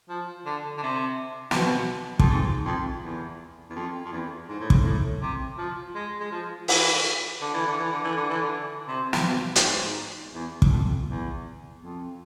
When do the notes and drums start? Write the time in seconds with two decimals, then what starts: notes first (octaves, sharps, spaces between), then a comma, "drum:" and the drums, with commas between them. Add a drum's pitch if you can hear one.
0.09 F3
0.45 D3
0.77 D3
0.83 C3
1.51 C3, drum: snare
1.56 B2
2.19 F2, drum: kick
2.29 G#2
2.65 F2
3.02 E2
3.70 E2
3.75 F2
4.05 F2
4.12 E2
4.49 G#2
4.60 A2
4.70 G#2, drum: kick
4.85 A2
5.21 C3
5.58 F3
5.95 G#3
6.20 G#3
6.32 F3
6.68 E3, drum: open hi-hat
7.41 D3
7.54 E3
7.67 D3
7.79 E3
7.92 D3
8.04 E3
8.17 D3
8.30 E3
8.42 D3
8.88 C3
9.13 drum: snare
9.24 B2
9.55 A2, drum: hi-hat
9.61 G#2
10.34 E2
10.62 E2, drum: kick
10.71 F2
11.07 E2
11.80 F2